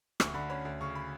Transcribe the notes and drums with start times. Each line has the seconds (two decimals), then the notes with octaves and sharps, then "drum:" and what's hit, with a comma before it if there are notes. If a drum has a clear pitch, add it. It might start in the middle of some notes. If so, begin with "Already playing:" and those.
0.20 D2 C#6, drum: rim click
0.34 D3 B5
0.50 C#4 B5
0.65 D2
0.81 C#3 C#6
0.95 B5